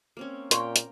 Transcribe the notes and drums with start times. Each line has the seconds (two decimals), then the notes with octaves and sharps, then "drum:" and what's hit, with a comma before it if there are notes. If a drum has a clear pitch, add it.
0.17 A#3 C4 C#4
0.51 A#2 A#4 G5 C6 C#6, drum: hi-hat
0.76 drum: hi-hat